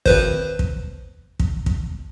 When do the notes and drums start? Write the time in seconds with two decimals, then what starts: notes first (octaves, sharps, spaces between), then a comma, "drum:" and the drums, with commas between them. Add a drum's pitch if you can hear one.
0.06 G#1 B4 C5, drum: kick
0.59 drum: kick
1.40 drum: kick
1.66 drum: kick